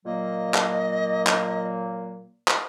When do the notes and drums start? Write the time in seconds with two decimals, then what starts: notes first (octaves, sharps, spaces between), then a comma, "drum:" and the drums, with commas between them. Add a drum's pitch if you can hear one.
0.06 A#2 F#3 A#3 D#5
0.54 drum: clap
1.27 drum: clap
2.48 drum: clap